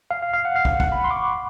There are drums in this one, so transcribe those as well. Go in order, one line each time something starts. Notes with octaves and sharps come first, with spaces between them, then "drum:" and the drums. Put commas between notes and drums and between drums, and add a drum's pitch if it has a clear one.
F5
F5
F5
F#5
F5
drum: kick
F#5, drum: kick
B5
C6
D6
C#6